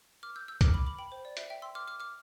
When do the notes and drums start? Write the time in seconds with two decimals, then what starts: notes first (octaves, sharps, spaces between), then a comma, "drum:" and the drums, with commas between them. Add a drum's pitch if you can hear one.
0.23 D6 F6
0.36 E6 G6
0.48 E6 G6
0.61 D6 F6, drum: kick, hi-hat
0.74 B5 D6
0.87 B5 D6
0.99 G5 B5
1.12 C5
1.25 D5
1.37 E5, drum: hi-hat
1.50 E5 G5
1.62 C6 E6
1.75 D6 F6
1.88 D6 F6
2.00 D6 F6